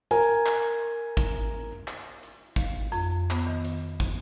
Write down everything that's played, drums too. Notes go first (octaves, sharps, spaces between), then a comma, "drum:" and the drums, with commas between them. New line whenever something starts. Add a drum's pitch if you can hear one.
A#4 G#5, drum: hi-hat
drum: clap
drum: kick, hi-hat
drum: clap
drum: hi-hat
F5, drum: kick, hi-hat
F2, drum: hi-hat
B3, drum: clap
D#3
drum: hi-hat
drum: kick, hi-hat